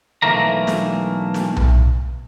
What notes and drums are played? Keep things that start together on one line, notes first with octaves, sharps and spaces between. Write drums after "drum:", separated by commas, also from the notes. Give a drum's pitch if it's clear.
B1 E3 A3 A#3 A#5
drum: snare
drum: snare
drum: tom B1